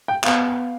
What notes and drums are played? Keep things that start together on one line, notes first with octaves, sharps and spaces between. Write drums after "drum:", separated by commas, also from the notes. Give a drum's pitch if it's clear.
G5
B3 F5, drum: clap